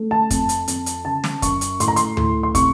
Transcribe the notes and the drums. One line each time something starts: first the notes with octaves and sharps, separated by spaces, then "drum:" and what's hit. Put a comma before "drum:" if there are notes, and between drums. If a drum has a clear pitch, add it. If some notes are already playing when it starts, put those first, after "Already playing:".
Already playing: A3
A5
F2, drum: kick, hi-hat
drum: hi-hat
F2, drum: hi-hat
drum: hi-hat
C#3 A5
drum: snare
F#2 C#6, drum: kick, hi-hat
drum: hi-hat
A2 C6, drum: hi-hat
A#5
C6, drum: hi-hat
A2, drum: tom D2
C6
C3 C#6, drum: kick, hi-hat